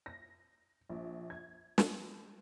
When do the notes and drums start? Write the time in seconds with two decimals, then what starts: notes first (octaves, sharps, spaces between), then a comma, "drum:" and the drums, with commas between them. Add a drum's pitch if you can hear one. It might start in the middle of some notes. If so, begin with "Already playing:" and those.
0.06 A#6
0.89 A#1
1.30 G#6
1.78 drum: snare